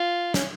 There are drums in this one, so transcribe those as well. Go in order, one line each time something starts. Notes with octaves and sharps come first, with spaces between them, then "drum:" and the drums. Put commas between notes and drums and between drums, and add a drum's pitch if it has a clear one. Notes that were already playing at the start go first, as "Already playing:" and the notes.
Already playing: F4
C#4, drum: snare